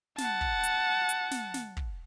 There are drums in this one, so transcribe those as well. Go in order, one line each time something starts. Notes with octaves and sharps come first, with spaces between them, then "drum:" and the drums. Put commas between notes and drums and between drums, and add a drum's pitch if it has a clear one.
F#5 A5, drum: snare
drum: kick
drum: hi-hat
drum: hi-hat
drum: snare
drum: snare
drum: kick